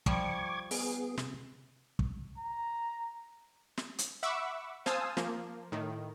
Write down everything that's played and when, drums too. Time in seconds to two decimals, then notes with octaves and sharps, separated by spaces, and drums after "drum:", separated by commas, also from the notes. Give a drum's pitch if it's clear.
0.06 F3 G3 C#6 D6 G#6, drum: kick
0.71 B3 G#4, drum: open hi-hat
1.17 C3, drum: snare
1.99 drum: kick
2.38 A#5
3.77 drum: snare
3.98 drum: hi-hat
4.23 E5 F#5 B5 C#6 D6 E6
4.86 C5 F5 G#5 A5 D#6 E6, drum: snare
5.17 F3 A#3, drum: snare
5.72 A2 D#3